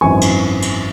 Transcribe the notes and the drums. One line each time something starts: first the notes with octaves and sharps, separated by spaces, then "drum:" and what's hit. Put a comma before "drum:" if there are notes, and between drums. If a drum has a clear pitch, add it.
G#1 F#2 E3 G#5 C#6
drum: cymbal
drum: cymbal